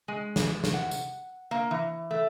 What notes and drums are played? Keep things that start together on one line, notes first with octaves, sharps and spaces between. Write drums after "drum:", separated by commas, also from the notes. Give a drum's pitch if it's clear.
G#3
drum: snare
drum: snare
F#5
drum: tambourine
A#3
E3
A3